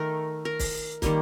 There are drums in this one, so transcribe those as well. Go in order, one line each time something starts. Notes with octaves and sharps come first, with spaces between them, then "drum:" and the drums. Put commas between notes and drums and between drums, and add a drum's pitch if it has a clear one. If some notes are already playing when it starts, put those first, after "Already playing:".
Already playing: D#3 A3 A#4
A#4
drum: kick, open hi-hat
D#3 G3 A#3, drum: kick, hi-hat